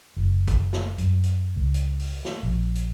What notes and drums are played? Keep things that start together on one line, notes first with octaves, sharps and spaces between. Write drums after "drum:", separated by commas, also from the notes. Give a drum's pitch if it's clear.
F#1
drum: kick, hi-hat
drum: snare
F#2, drum: hi-hat
drum: hi-hat
C#2
drum: hi-hat
drum: open hi-hat
drum: snare
A#1
drum: hi-hat